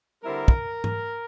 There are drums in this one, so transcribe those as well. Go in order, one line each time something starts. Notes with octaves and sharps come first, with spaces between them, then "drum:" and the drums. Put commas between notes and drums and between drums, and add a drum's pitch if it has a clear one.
D3 G3 C4 E4 A#4
drum: kick
drum: tom G#2